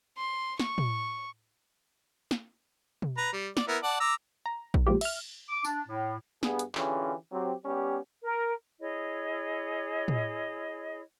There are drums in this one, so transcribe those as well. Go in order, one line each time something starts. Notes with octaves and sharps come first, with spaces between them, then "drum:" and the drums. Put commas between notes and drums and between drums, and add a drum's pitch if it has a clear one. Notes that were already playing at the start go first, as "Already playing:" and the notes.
C6
C#6, drum: snare
drum: tom
drum: snare
drum: tom B2
B4 A#5
G3
D5, drum: snare
B3 E4 A#4
D5 F#5 A5
A#5 D6 E6
A#5
drum: kick A#1
A#2 F3 G#3 F4 G4
E5 F6, drum: cymbal
D6
D4, drum: tambourine
A2
G2 B3 G#4, drum: snare
drum: hi-hat
D3 E3 C#4 F4 G4 G#4, drum: clap
F#3 C4 G4
G3 B3 C#4 G4
A#4
E4 G#4 C#5 D#5
drum: tom